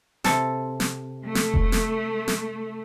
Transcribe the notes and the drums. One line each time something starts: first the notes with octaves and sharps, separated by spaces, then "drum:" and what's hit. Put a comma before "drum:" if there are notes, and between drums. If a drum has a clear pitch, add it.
C3 A4, drum: snare
drum: snare
A3
drum: snare
drum: kick E1
drum: snare
drum: snare